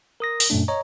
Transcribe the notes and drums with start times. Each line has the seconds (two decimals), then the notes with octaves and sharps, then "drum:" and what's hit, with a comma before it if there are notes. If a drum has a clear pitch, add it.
0.20 A#4 D#6 A#6
0.40 drum: open hi-hat
0.50 F#2 A#2 A3 D4
0.68 C#5 D#5 A#5